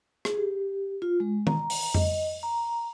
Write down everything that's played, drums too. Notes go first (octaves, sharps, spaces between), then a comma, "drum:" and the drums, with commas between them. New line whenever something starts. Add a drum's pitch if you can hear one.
G#4, drum: rim click
G4
F4
G#3
A#5, drum: tom D#3
drum: open hi-hat
D#5, drum: tom F2
A#5